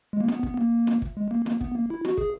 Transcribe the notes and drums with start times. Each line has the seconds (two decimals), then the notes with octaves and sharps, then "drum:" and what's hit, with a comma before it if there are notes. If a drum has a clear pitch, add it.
0.13 G#3
0.21 A#3
0.28 B3, drum: snare
0.43 B3, drum: kick
0.57 A#3
0.87 drum: snare
1.02 drum: kick
1.17 G#3
1.31 A#3
1.46 A#3, drum: snare
1.61 B3, drum: kick
1.75 A#3
1.90 E4
2.05 F#4, drum: snare
2.17 G#4, drum: kick